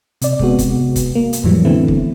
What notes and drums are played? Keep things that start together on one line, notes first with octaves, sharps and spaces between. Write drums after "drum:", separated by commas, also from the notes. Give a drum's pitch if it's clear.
C3 D5, drum: hi-hat
C3 G#3 B3 F#4, drum: kick
drum: kick, hi-hat
drum: kick, hi-hat
A#3
drum: hi-hat
F2 A2 E3 F#3 G3
D3 E3 A3 B3 C4 E4
drum: kick